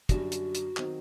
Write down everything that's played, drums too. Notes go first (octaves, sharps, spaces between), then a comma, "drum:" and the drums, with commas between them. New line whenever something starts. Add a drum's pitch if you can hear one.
F#2 D3 G3 D4 F#4 G4, drum: kick, hi-hat
drum: hi-hat
drum: hi-hat
D#3 F#3 C4 D#4, drum: clap